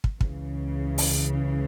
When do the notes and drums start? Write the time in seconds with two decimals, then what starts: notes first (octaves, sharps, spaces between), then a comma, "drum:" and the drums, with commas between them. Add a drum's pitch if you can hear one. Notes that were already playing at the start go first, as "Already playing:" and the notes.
0.04 drum: kick
0.21 C#2 C#3 E3, drum: kick
0.98 drum: open hi-hat